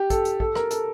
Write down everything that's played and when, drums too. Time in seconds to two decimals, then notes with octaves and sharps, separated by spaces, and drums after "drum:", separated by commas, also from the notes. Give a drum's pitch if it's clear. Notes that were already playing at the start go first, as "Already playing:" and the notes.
Already playing: G4
0.10 A4, drum: kick, hi-hat
0.25 drum: hi-hat
0.40 A4, drum: kick
0.55 A#4, drum: rim click
0.71 A4, drum: hi-hat